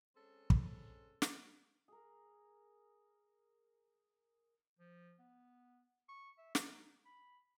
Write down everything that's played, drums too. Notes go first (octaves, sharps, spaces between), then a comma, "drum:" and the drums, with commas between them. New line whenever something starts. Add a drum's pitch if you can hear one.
G#3 C4 C#4 A4
drum: kick
drum: snare
G#4 A#4
F3
B3
C#6
E5
D#4, drum: snare
B5